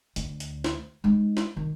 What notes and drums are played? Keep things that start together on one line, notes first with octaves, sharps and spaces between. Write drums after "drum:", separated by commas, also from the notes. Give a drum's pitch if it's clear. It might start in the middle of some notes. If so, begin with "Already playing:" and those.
D2, drum: hi-hat
drum: hi-hat
drum: snare
G#3 D#4
drum: snare
D#3